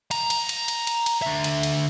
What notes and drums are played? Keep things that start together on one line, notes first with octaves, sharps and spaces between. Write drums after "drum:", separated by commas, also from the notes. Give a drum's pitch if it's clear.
A#5, drum: cymbal
drum: cymbal
drum: cymbal
drum: cymbal
drum: cymbal
drum: cymbal
D3 E5
drum: cymbal
drum: cymbal